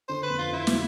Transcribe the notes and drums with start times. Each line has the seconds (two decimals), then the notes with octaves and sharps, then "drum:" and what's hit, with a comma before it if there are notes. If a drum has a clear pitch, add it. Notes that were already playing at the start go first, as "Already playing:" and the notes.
0.09 D3 C5
0.23 B4
0.30 F2
0.38 F4
0.52 D3 E4
0.67 drum: snare